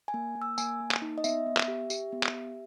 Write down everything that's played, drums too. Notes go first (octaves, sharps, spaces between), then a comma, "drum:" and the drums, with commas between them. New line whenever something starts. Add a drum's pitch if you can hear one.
G#5
A#3
A#3
E6
A#3 G#5, drum: tambourine
A#3
drum: clap
D#4
D#5
B3 E5, drum: tambourine
B3
drum: clap
G4
G4, drum: tambourine
B3
drum: clap
G4